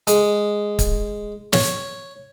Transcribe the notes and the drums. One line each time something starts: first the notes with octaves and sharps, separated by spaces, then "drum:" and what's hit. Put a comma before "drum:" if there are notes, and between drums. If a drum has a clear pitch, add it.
G#3, drum: hi-hat
drum: kick, hi-hat
C#5, drum: snare